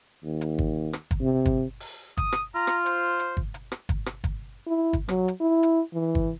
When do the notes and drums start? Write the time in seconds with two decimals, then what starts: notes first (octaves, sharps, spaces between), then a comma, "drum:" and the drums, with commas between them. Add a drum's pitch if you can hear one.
0.24 D#2
0.41 drum: hi-hat
0.59 drum: kick
0.93 drum: rim click
1.11 drum: kick, hi-hat
1.21 C3
1.45 drum: kick, hi-hat
1.80 drum: open hi-hat
2.17 D#6, drum: kick, hi-hat
2.32 drum: rim click
2.55 F4 A#5
2.67 drum: rim click
2.86 C5, drum: hi-hat
3.19 drum: hi-hat
3.37 drum: kick
3.54 drum: hi-hat
3.72 drum: rim click
3.89 drum: kick, hi-hat
4.06 drum: rim click
4.24 drum: kick, hi-hat
4.67 E4
4.93 drum: kick, hi-hat
5.08 F#3, drum: rim click
5.28 drum: hi-hat
5.41 E4
5.63 drum: hi-hat
5.94 E3
6.15 drum: kick